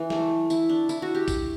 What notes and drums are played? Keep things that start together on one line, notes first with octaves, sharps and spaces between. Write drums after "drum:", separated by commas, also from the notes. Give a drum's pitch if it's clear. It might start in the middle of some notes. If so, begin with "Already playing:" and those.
Already playing: E3
A3, drum: snare
E4, drum: tambourine
D4
E4, drum: tambourine
F#4
G4
drum: kick A#1, tambourine